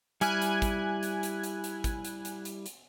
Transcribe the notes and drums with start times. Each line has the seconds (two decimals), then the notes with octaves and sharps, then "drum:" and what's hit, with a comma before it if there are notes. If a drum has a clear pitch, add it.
0.21 G3 E4 G#5 F6 F#6 G#6, drum: hi-hat
0.42 drum: hi-hat
0.62 drum: kick, hi-hat
1.03 drum: hi-hat
1.23 drum: hi-hat
1.43 drum: hi-hat
1.64 drum: hi-hat
1.84 drum: kick, hi-hat
2.05 drum: hi-hat
2.25 drum: hi-hat
2.45 drum: hi-hat
2.66 drum: hi-hat